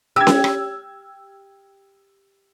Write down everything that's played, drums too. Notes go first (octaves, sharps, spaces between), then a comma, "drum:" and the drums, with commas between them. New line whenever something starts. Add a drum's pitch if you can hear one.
G4 E6 G#6
drum: snare
drum: rim click